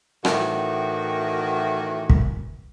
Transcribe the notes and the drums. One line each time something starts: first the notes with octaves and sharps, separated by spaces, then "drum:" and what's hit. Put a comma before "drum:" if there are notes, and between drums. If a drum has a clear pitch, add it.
A2 D#3 E3 F#4, drum: rim click
drum: kick